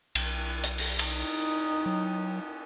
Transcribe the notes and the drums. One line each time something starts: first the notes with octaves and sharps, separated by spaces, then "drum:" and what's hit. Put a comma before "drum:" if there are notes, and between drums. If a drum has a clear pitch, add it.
B1, drum: cymbal
drum: hi-hat
drum: open hi-hat
D#4, drum: cymbal
F#3